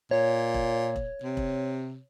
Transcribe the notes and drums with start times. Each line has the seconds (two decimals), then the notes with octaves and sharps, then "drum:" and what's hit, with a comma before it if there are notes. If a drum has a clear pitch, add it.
0.11 A#2 C#5
0.54 drum: kick E1
0.96 drum: kick E1
1.23 C3
1.37 drum: kick E1